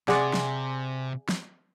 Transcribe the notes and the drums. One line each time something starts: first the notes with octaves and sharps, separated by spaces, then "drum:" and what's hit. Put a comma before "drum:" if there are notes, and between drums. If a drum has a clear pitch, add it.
C3 G#4 D5 F#5 G#5 C6, drum: snare
drum: snare
drum: snare